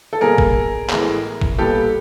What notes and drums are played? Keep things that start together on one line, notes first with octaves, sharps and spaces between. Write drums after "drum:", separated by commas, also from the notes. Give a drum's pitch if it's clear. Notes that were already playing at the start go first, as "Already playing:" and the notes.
A4
B2 G3 A#3 G#4 A#4
drum: kick
A2 E3 G#3 B3, drum: clap
drum: kick
A#2 G3 B3 G4 A4